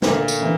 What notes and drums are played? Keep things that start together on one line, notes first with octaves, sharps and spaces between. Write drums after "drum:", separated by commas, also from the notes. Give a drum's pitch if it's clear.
D2 A#2, drum: snare
drum: tambourine
C3 E3